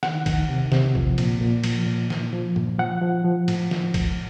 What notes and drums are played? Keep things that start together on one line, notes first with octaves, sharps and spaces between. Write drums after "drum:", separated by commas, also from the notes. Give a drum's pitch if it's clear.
D#3 F#5, drum: snare
D#3, drum: kick, cymbal
C3
C3, drum: snare
F3, drum: kick
A#2, drum: cymbal
A#2
F3, drum: cymbal
A#2
A#2, drum: snare
F3
A#2, drum: tom
F3 F#5
F3
F3
A2, drum: cymbal
F3, drum: snare
A2, drum: kick, cymbal